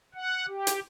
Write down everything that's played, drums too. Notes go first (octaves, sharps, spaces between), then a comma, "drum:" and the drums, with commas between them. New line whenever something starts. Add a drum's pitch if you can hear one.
F#5
G4
drum: hi-hat